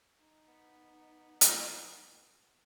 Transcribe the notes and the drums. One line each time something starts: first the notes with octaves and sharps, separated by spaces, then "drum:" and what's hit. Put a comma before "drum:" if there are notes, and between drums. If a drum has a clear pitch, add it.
D#4
B3
drum: hi-hat